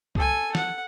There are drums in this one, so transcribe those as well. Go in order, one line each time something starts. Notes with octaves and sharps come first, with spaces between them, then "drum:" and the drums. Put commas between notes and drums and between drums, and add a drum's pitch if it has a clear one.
A4 G#5, drum: kick
F#5, drum: snare